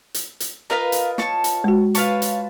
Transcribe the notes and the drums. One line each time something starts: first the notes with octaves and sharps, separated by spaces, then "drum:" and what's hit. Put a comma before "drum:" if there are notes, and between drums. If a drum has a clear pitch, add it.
drum: hi-hat
drum: hi-hat
F4 A#4 B4 D#5 F5 B5
drum: hi-hat
C#5 A5 C#6, drum: snare
drum: hi-hat
G#3 F#4
F4 B4 C#5 F5 A5, drum: hi-hat
drum: hi-hat